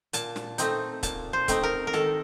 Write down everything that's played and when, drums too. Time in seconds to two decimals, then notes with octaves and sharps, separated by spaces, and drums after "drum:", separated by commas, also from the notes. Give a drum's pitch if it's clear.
0.13 A#2 A5, drum: hi-hat
0.36 drum: snare
0.58 A3 C4 D#4, drum: hi-hat
1.03 A#2 A5, drum: kick C#1, hi-hat
1.33 C5
1.48 A3 C4 D#4, drum: kick C#1, hi-hat
1.63 A#4
1.87 A#4
1.93 D#3 A4, drum: snare